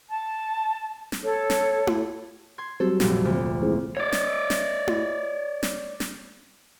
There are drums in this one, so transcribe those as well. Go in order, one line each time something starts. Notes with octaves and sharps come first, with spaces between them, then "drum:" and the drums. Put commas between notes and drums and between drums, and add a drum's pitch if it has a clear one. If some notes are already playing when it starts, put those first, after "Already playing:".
A5
drum: snare
A4 C#5
drum: snare
drum: tom E4
C6 G#6
F#3 G3 C4 A4 C5
F1 A#1, drum: snare
D2
E3 G#3 C4
C#5 D5
drum: snare
drum: snare
drum: tom E4
drum: snare
drum: snare